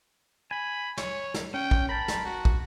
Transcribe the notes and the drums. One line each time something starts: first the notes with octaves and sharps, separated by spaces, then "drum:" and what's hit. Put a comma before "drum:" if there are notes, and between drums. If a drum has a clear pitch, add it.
G#5 B5
C#5, drum: snare
drum: snare
C#4 G5
drum: kick
A#4 A5 B5
drum: snare
F#4
drum: kick